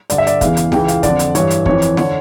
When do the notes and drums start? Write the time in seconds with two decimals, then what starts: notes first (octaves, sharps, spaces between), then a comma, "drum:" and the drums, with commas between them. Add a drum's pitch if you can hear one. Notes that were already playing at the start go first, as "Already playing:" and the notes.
0.10 G2 D3 D5, drum: hi-hat
0.18 E5
0.27 D5, drum: hi-hat
0.41 E2 C#3 E3 F5, drum: kick, hi-hat
0.57 drum: hi-hat
0.72 C#2 C#3 E3 G5, drum: snare
0.88 F5, drum: hi-hat
1.03 D3 D5, drum: kick, hi-hat
1.08 F2
1.19 drum: hi-hat
1.35 G2 E3 C#5, drum: hi-hat
1.51 drum: hi-hat
1.66 F2 E3 C#5, drum: kick
1.82 drum: hi-hat
1.97 D3 C#5, drum: snare